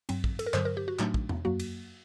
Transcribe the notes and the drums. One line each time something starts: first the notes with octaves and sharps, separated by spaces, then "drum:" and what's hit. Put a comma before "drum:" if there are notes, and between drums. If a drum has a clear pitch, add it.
G2 F#3 C4, drum: cymbal
drum: kick
A4, drum: cymbal
A#4
G2 D3 F#3 C5, drum: clap
A#4
G4
F#4
A2 F#3 A3 D4 D#4, drum: clap
drum: kick
drum: tom E2
F#2 F#3 A#3 F#4
drum: cymbal